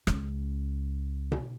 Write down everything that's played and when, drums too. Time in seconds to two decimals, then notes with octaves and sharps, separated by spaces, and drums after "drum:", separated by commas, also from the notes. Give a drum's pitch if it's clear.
0.07 C#2 C#4, drum: rim click
1.32 drum: tom B2